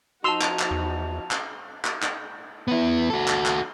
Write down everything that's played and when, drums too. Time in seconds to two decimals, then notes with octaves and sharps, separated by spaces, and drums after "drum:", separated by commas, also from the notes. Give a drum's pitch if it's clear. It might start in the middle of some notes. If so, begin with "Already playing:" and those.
0.24 F3 D#4 F#4 A5 C6 E6 F7
0.41 drum: clap
0.59 drum: clap
0.71 E2
1.31 drum: clap
1.85 drum: clap
2.02 drum: clap
2.68 B3 E4
3.10 F#4 A4
3.28 drum: clap
3.46 drum: clap